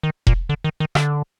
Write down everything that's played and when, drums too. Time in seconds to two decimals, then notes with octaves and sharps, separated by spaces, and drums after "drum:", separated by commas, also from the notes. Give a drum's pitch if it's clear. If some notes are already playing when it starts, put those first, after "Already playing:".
0.03 D#3
0.27 A#2, drum: kick E1
0.49 D3
0.64 D#3
0.80 D#3
0.95 D3, drum: rim click